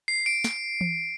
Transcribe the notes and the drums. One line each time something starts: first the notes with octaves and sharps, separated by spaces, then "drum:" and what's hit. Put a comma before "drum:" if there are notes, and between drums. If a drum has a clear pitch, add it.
C7
D7
drum: snare
drum: tom E3